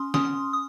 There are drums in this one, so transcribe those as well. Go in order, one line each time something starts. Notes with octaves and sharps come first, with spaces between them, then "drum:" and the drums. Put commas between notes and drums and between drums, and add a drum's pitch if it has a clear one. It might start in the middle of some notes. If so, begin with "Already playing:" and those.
Already playing: C#4 C6 D#6
C#4 C6 D#6, drum: snare
D#6